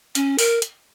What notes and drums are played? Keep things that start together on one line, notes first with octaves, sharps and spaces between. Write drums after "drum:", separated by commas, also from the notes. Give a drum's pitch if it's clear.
C#4, drum: hi-hat
A#4, drum: open hi-hat
drum: hi-hat